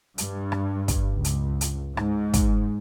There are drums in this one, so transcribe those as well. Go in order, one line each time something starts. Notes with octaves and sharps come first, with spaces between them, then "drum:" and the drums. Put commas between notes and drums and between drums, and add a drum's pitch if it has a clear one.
G2, drum: hi-hat
drum: rim click
drum: kick, hi-hat
C#2
drum: hi-hat
drum: hi-hat
G#2, drum: rim click
drum: kick, hi-hat